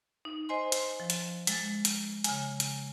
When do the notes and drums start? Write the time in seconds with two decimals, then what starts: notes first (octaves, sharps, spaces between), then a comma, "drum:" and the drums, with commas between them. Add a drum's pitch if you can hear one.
0.25 D#4
0.49 C5 D#5 G#5 C6
0.72 drum: hi-hat
1.00 F3
1.10 drum: hi-hat
1.47 G#3 A6, drum: hi-hat
1.85 drum: hi-hat
2.24 C#3 G#5, drum: hi-hat
2.60 drum: hi-hat